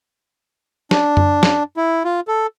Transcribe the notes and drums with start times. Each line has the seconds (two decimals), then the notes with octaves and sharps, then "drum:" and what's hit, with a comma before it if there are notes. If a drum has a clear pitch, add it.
0.91 D4, drum: snare
1.17 drum: tom F#2
1.43 drum: snare
1.77 E4
2.04 F4
2.28 A4